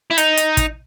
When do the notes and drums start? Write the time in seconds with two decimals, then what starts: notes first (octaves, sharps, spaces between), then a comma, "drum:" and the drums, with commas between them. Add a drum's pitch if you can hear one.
0.11 E4
0.18 D#4, drum: hi-hat
0.37 drum: hi-hat
0.57 drum: kick, hi-hat